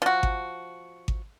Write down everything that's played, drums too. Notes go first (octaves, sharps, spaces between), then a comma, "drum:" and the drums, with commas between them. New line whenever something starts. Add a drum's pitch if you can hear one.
F3 F#4
drum: kick G#1
drum: kick G#1